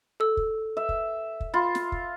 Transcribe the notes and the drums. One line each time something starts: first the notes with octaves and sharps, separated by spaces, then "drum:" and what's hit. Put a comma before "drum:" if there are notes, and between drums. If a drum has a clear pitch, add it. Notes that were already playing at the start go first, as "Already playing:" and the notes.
A4 E6
drum: kick
E5
drum: kick
drum: kick
F4 B5 C6
drum: snare
drum: kick